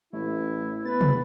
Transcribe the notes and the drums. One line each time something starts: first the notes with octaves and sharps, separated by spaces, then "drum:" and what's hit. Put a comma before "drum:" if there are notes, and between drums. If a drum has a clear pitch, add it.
A1 A3 E4
B3 B4 A6
drum: tom C3